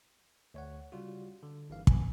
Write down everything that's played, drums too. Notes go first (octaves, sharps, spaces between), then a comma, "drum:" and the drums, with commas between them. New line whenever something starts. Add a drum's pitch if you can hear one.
D2 C#5 F#5
C#3 G3 F4 F#4
D3
G1 G2 E3 F5
E3 G#5, drum: kick